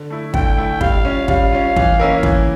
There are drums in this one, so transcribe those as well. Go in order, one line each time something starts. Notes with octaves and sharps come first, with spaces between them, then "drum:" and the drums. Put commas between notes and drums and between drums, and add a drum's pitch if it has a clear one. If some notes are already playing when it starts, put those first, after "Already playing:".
Already playing: D3
A3 E4
D3 G5, drum: kick
A3 E4
G3 F5, drum: kick
C#4 F4
G3 F5, drum: kick
C#4 F4
E3, drum: kick
A#3 C#4 E4 A#4
E3, drum: kick